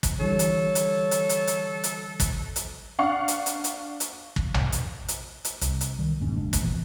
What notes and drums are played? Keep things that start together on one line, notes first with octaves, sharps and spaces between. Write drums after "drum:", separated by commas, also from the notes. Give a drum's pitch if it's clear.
drum: kick, hi-hat
D3 E3 G3 A4 C#5
drum: hi-hat
drum: hi-hat
drum: hi-hat
drum: hi-hat
drum: hi-hat
drum: hi-hat
drum: kick, hi-hat
drum: hi-hat
D4 F5 F#5 C#6
drum: hi-hat
drum: hi-hat
drum: hi-hat
drum: hi-hat
drum: kick
drum: tom A#1
drum: hi-hat
drum: hi-hat
drum: hi-hat
C2, drum: hi-hat
drum: hi-hat
D#3 G3
E1 D#2 G#2 C#4
F#1 C#3 G#3 D4
drum: kick, hi-hat
A#2 E3 B3